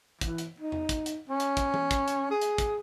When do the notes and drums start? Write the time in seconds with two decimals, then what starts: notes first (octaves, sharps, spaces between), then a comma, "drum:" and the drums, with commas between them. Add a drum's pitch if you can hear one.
0.21 E3, drum: kick, hi-hat
0.38 drum: hi-hat
0.60 D#4
0.72 drum: tom E2
0.89 drum: kick, hi-hat
1.06 drum: hi-hat
1.29 C#4
1.40 drum: hi-hat
1.57 drum: kick, hi-hat
1.74 drum: tom E3
1.91 drum: kick, hi-hat
2.08 drum: hi-hat
2.30 G#4
2.41 drum: hi-hat
2.58 drum: kick, hi-hat